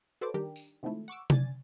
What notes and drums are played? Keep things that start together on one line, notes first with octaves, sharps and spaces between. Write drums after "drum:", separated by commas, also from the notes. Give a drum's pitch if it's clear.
F#4 A4 B4 C5 D5 D6
D#3 G3 D4 G4 A#4
drum: tambourine
C3 D#3 F3 G#3 A3 E4
F#5 C#6 D6 E6
F#2 D4 D5 G#5 A6, drum: tom C3